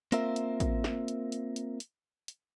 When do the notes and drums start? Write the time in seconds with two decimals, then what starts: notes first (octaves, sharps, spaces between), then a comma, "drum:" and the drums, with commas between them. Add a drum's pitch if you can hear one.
0.12 A#3 C4 F4 A#4 E5, drum: hi-hat
0.36 drum: hi-hat
0.60 drum: kick, hi-hat
0.84 drum: snare
1.08 drum: hi-hat
1.32 drum: hi-hat
1.56 drum: hi-hat
1.80 drum: hi-hat
2.28 drum: hi-hat